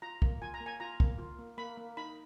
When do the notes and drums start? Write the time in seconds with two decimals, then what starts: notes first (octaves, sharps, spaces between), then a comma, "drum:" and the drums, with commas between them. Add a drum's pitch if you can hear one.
0.02 F4 A#5
0.22 A#3, drum: kick
0.42 F4 G#5
0.54 A#5
0.61 A#3
0.66 G#5
0.80 F4 A#5
1.00 A#3, drum: kick
1.18 F4
1.39 A#3
1.58 A#3 B5
1.78 A#3
1.97 D#4 B5